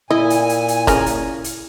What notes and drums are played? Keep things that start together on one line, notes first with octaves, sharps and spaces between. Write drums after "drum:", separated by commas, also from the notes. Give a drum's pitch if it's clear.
A#2 E4 D#5 G#5
drum: hi-hat
drum: hi-hat
drum: hi-hat
C#3 C#4 A#4, drum: kick, hi-hat
drum: hi-hat
drum: hi-hat